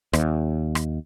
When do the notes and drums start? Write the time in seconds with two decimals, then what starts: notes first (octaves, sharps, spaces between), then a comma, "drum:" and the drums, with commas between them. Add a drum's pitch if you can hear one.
0.13 D#2, drum: rim click
0.75 drum: rim click